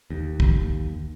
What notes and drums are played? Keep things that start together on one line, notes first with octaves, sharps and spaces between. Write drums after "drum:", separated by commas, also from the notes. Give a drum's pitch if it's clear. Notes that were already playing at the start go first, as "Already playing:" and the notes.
D#2
drum: kick